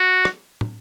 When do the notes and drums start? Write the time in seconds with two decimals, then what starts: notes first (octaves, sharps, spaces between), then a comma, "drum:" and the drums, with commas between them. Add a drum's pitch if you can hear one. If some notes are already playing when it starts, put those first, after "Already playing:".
Already playing: F#4
0.25 drum: rim click
0.61 drum: tom